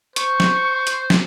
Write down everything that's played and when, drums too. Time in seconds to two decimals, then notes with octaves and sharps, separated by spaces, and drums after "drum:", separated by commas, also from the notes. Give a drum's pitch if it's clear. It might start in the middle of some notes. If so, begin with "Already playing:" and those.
0.16 C5 C#6, drum: hi-hat
0.40 drum: snare
0.87 drum: hi-hat
1.10 drum: snare